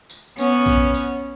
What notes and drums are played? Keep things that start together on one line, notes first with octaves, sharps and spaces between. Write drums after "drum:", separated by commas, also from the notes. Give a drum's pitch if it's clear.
drum: tambourine
B3 C#4, drum: tambourine
drum: kick A#1, tambourine
drum: tambourine